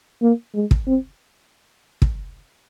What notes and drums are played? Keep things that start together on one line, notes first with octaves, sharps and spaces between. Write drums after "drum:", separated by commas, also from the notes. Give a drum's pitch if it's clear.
A#3
G#3
drum: kick
C4
drum: kick